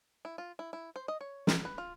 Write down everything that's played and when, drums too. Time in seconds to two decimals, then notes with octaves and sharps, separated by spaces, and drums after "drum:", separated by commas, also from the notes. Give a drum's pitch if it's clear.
0.25 E4
0.38 F4
0.59 E4
0.73 E4
0.96 C5
1.08 D#5
1.21 C#5
1.47 A#4, drum: snare
1.65 B4
1.78 F4